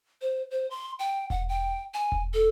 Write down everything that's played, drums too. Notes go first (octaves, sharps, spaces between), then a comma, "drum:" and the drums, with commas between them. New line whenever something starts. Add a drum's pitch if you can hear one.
C5
C5
C6
G5
F#5, drum: kick E1
G5
G#5
drum: kick E1
A4